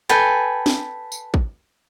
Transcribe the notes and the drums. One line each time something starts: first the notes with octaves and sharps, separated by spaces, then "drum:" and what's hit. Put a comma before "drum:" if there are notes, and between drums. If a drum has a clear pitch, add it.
A4 B4 G5 G#5
drum: snare
drum: tambourine
drum: kick